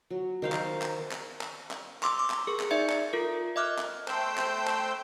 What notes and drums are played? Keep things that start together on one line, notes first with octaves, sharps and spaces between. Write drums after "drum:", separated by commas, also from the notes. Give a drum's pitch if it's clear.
F#3
D#3 C5 F5
drum: clap
drum: clap
drum: clap
drum: clap
drum: clap
C6 D6 E6, drum: clap
D6
drum: clap
G#4 A#4 C#6
drum: clap
D#4 D5 E5 G#6 C#7
drum: clap
F4 A4 A#4
D#5 E5 D6 F6 F#6
drum: clap
A3 C5 G5 E6 G6, drum: clap
drum: clap
drum: clap